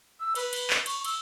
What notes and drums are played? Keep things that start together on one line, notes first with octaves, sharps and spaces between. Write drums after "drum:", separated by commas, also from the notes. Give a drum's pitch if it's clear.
E6
B4, drum: cymbal
drum: cymbal
drum: clap
C#6, drum: cymbal
E6, drum: cymbal